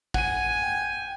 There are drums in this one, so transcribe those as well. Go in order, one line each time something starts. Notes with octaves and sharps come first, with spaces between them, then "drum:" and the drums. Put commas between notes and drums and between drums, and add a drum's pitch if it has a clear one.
F#5 G#5 D#7, drum: kick
G5